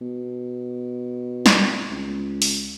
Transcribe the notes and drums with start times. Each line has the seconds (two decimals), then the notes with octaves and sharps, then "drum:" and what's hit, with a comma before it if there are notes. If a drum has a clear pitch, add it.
0.01 B2
1.46 drum: snare
1.91 C#2
2.42 drum: open hi-hat